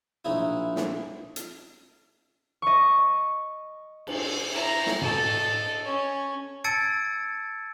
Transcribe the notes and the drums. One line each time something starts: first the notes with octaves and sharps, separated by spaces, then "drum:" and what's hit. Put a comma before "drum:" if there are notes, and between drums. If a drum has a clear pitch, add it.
A#1 D#4 E4
drum: snare
drum: hi-hat
D#5 C#6
drum: cymbal
E4 A#5
drum: snare
A4 D#5, drum: tom
C#4 C#5
A5 E6 G#6 A6 C#7 D7